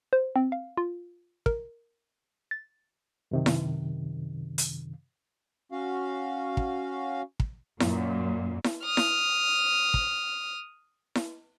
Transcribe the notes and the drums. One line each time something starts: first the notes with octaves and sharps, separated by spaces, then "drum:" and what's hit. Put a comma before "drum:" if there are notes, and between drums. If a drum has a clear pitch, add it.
C5
C4
F5
F4
A#4, drum: kick
A6
F#2 C3 D#3
drum: snare E4
drum: hi-hat
C#4 F#4 F5
drum: kick
drum: kick
F#2 A#2, drum: snare E4
drum: snare E4
D#6 F6
drum: snare E4
drum: kick
drum: snare E4